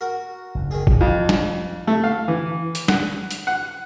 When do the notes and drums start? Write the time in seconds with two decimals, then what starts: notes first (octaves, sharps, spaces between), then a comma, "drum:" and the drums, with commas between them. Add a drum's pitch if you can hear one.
0.01 F#4 A#4
0.55 F#1 D#2
0.71 D#3 G#4
0.87 drum: kick G1
1.01 F2
1.29 drum: snare
1.87 A3
2.04 F5
2.28 E3
2.75 drum: hi-hat
2.88 F#5, drum: snare
3.31 drum: hi-hat
3.47 F#5